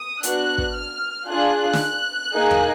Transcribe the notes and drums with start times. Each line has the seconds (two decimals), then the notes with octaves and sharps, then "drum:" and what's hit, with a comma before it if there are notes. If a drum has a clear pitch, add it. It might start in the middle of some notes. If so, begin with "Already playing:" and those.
Already playing: D#6
0.23 B3 D4 F#4 F#6, drum: hi-hat
0.58 drum: kick
0.76 F6
1.29 D4 F4 G#4 F#6
1.73 drum: snare
2.34 A#3 D#4 G#4
2.51 drum: tom E2